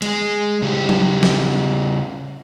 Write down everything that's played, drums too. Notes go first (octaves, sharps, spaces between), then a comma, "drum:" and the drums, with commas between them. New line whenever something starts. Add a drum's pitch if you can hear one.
G#3 G#4, drum: hi-hat
C#3 G3 G4
drum: tom F#3
drum: snare